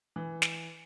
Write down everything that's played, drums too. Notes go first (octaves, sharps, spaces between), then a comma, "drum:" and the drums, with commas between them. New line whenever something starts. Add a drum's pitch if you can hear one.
E3
drum: snare